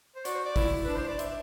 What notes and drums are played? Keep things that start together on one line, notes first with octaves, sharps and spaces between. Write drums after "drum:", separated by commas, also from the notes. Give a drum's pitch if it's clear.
C5
F#4 D5, drum: hi-hat
C5
D5
E4, drum: kick, open hi-hat
D4 B4
C5
D5
E5, drum: hi-hat